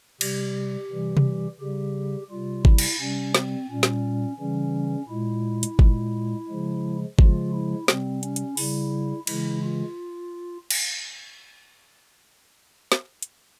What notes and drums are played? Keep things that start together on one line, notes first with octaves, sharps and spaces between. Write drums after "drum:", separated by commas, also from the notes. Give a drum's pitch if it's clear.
C3 G3 G4, drum: cymbal
C3 E3 G3
drum: tom C3
C#3 G3 G4
C3 G3 F4
E4, drum: kick G1
drum: cymbal
C3 G3 C#4
C4, drum: snare
A#2 G3 C#4
drum: snare
C#3 E3 G3 C#4
A#2 G#3 E4
drum: hi-hat
A#2 G#3, drum: kick G1
C#3 F3 G#3
C#3 F3 G#3 F4, drum: kick G1
E4
C3 G3 C4, drum: snare
C#4, drum: hi-hat
drum: hi-hat
C#3 G3 E4, drum: open hi-hat
C#3 E3 G#3 E4, drum: cymbal
F4
drum: cymbal
drum: snare
drum: hi-hat